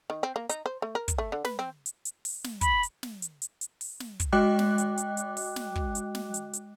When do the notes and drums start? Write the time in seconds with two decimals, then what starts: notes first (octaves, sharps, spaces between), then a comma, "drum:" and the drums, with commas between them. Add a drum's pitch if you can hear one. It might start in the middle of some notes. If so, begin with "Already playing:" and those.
0.10 D#3
0.23 C4
0.36 A#3
0.50 D#4, drum: hi-hat
0.66 C5
0.82 A3
0.95 A#4
1.08 drum: kick, hi-hat
1.18 A3
1.32 D3
1.45 B4, drum: snare
1.59 C4
1.86 drum: hi-hat
2.05 drum: hi-hat
2.25 drum: open hi-hat
2.44 drum: snare
2.61 B5, drum: kick, hi-hat
2.83 drum: hi-hat
3.03 drum: snare
3.22 drum: hi-hat
3.42 drum: hi-hat
3.61 drum: hi-hat
3.81 drum: open hi-hat
4.00 drum: snare
4.20 drum: kick, hi-hat
4.32 G#3 F#4 D#5 G5 D6 F#6
4.59 drum: snare
4.78 drum: hi-hat
4.98 drum: hi-hat
5.17 drum: hi-hat
5.37 drum: open hi-hat
5.56 drum: snare
5.76 drum: kick
5.95 drum: hi-hat
6.15 drum: snare
6.34 drum: hi-hat
6.54 drum: hi-hat